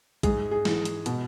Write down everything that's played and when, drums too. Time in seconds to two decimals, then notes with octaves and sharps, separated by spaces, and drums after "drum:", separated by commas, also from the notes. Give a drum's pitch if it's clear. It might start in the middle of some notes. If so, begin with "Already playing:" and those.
0.23 G#2 G#4, drum: kick A#1, hi-hat
0.51 G#4
0.65 E3, drum: snare
0.85 drum: hi-hat
1.06 B2, drum: hi-hat